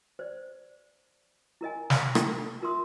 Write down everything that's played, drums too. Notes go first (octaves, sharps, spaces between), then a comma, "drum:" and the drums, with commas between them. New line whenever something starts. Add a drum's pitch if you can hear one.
C5 D5
E4 A#4 D#5 G#5
drum: snare
drum: rim click
D#4 F4 A#4 E5 C6 D#6